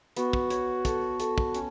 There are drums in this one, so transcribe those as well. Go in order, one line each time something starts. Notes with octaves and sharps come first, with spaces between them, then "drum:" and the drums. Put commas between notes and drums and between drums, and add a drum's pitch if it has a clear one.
B3 F#4, drum: hi-hat
drum: kick
C#5, drum: hi-hat
A4, drum: kick, hi-hat
A4, drum: hi-hat
drum: kick
C#4, drum: hi-hat